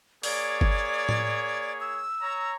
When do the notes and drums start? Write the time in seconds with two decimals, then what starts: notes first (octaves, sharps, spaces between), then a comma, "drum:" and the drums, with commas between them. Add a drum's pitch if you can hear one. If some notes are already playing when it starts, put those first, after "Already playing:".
0.23 A#3 G#4 C#5 D5, drum: open hi-hat
0.61 drum: kick G1
1.09 drum: tom A2
1.80 E6
2.21 C#5 A#5